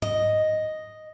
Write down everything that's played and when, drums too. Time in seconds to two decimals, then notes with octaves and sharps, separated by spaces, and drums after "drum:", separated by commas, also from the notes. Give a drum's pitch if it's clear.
0.02 D#5, drum: tom